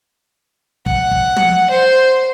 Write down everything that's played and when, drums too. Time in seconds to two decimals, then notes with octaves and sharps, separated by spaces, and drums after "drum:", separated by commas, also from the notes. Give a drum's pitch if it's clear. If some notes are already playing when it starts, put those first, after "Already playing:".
0.86 F#5, drum: kick
1.11 drum: kick
1.37 drum: tom
1.70 C5